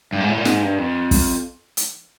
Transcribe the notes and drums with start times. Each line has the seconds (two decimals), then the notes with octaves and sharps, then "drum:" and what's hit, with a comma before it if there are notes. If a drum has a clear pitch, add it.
0.13 G2
0.20 G#2
0.29 A2
0.37 A#2
0.45 G#2, drum: snare
0.62 G2
0.78 F2
1.11 drum: kick, open hi-hat
1.77 drum: hi-hat